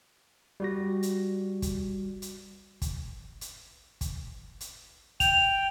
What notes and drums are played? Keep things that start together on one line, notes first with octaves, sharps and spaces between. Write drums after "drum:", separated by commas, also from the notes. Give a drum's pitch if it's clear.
G3 F#4 A#6
drum: hi-hat
drum: kick, hi-hat
drum: hi-hat
drum: kick, hi-hat
drum: hi-hat
drum: kick, hi-hat
drum: hi-hat
G5 F7, drum: kick, hi-hat